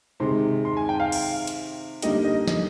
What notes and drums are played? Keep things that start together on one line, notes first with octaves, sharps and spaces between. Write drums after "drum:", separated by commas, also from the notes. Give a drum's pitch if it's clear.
C3 D#3 G#3 C6
C6
G#5
G5
F5
drum: cymbal
drum: hi-hat
D3 G3 A#3 D#4 G4 D#5, drum: hi-hat
D#5
D#5, drum: snare